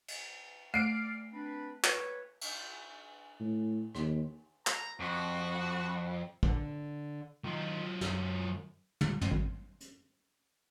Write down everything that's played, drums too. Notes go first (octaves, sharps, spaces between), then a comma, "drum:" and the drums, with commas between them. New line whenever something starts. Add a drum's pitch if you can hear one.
drum: cymbal
A3 D5 D6 F6 C7 D7
C4 D4 B4
B4 C#5, drum: clap
drum: cymbal
A2
D#2, drum: rim click
A#5, drum: clap
F2 F#4
D3, drum: kick
D#3 F#3 F4
F#2, drum: snare
drum: tom
drum: tom
G#1
drum: hi-hat